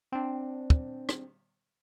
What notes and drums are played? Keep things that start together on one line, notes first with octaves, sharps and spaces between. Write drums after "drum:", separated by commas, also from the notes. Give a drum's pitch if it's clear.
C4 D4
drum: kick
drum: rim click